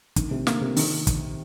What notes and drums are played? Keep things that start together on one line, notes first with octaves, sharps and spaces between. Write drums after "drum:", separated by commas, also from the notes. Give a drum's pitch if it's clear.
D#3, drum: kick, hi-hat
C3
A#3, drum: snare
C3
D#3, drum: open hi-hat
drum: kick, hi-hat